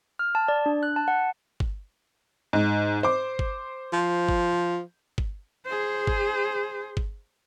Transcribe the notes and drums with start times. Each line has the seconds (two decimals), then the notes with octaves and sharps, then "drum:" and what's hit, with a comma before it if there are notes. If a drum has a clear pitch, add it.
0.19 F6
0.35 A5
0.48 D5
0.66 D4
0.83 F#6
0.96 A5
1.08 F#5
1.60 drum: kick G1
2.53 G#2
3.03 C5 D6
3.39 drum: kick G1
3.93 F3
4.29 drum: kick G1
5.18 drum: kick G1
5.66 G#4 C5
6.07 drum: kick G1
6.97 drum: kick G1